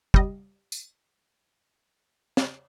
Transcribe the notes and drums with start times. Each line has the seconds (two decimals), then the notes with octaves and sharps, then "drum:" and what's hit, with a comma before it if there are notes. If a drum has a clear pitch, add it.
0.14 G3 D#5, drum: kick
0.72 drum: tambourine
2.37 drum: snare